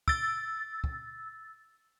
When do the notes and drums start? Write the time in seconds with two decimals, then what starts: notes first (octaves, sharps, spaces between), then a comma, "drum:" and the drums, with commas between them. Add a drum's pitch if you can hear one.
0.08 E6 A6, drum: kick
0.84 drum: kick